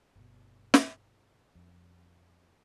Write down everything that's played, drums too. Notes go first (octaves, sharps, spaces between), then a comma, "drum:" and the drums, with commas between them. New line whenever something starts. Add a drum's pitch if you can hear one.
G1 B2
drum: snare
F2